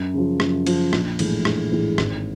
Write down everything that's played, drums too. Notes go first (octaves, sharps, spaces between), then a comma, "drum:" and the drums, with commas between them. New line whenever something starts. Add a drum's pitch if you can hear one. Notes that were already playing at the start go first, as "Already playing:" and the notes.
Already playing: F#2
C#3 F3
F#2, drum: rim click
C#3 F3, drum: cymbal
A#1, drum: rim click
A2 E3 G#3, drum: cymbal
A#1, drum: rim click
A2 E3 G#3
G#1, drum: rim click